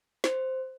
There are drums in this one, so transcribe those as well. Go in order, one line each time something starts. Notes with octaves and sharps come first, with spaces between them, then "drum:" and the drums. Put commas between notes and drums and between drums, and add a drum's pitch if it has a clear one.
C5, drum: snare